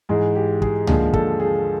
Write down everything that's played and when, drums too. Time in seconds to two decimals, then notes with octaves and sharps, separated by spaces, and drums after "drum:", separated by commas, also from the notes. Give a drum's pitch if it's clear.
0.09 G#2 E3 G#3 G#4
0.35 G4
0.62 G#4, drum: kick
0.87 D#2 D3 F3 G#3 G#4, drum: tom C#2
1.13 A4, drum: kick
1.40 G#4